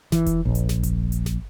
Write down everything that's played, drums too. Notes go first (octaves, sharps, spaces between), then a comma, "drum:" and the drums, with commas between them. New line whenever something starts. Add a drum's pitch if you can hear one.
E3, drum: snare G1
drum: kick E1, hi-hat
A#1
drum: hi-hat
drum: snare G1
drum: kick E1, hi-hat
drum: hi-hat
drum: snare G1